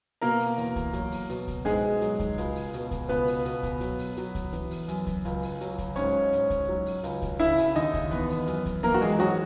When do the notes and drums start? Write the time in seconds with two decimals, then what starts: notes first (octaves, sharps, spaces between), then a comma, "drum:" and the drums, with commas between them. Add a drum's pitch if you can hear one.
0.21 B2 A#3 A#4, drum: hi-hat
0.40 drum: open hi-hat
0.58 E2, drum: hi-hat
0.76 drum: kick C#2, hi-hat
0.93 F#3, drum: hi-hat
1.12 drum: open hi-hat
1.29 B2, drum: hi-hat
1.48 drum: kick C#2, hi-hat
1.65 G#2 G#3 G#4, drum: hi-hat
2.01 F#3, drum: hi-hat
2.19 drum: kick C#2, hi-hat
2.38 C#2, drum: hi-hat
2.55 drum: open hi-hat
2.74 B2, drum: hi-hat
2.91 drum: kick C#2, hi-hat
3.09 C#2 B3 B4, drum: hi-hat
3.27 drum: open hi-hat
3.45 B2, drum: hi-hat
3.63 drum: kick C#2, hi-hat
3.81 F#3, drum: hi-hat
3.99 drum: open hi-hat
4.17 F#3, drum: hi-hat
4.35 drum: kick C#2, hi-hat
4.53 E3, drum: hi-hat
4.71 drum: open hi-hat
4.88 F#2, drum: hi-hat
5.07 drum: kick C#2, hi-hat
5.25 C#2, drum: hi-hat
5.42 drum: open hi-hat
5.61 F#3, drum: hi-hat
5.78 drum: kick C#2, hi-hat
5.96 G#2 C#4 C#5, drum: hi-hat
6.33 G#2, drum: hi-hat
6.50 drum: kick C#2, hi-hat
6.69 F#3
6.86 drum: open hi-hat
7.04 C#2, drum: hi-hat
7.22 drum: kick C#2, hi-hat
7.40 C#3 E4 E5, drum: hi-hat
7.58 drum: open hi-hat
7.75 D#2 D#4 D#5, drum: hi-hat
7.94 drum: kick C#2, hi-hat
8.11 E3 B3 B4, drum: hi-hat
8.30 drum: open hi-hat
8.47 F#2, drum: hi-hat
8.66 drum: kick C#2, hi-hat
8.83 E3 A#3 A#4, drum: hi-hat
8.94 F#4
9.01 G#3 G#4, drum: open hi-hat
9.19 G#2 F#3 F#4, drum: hi-hat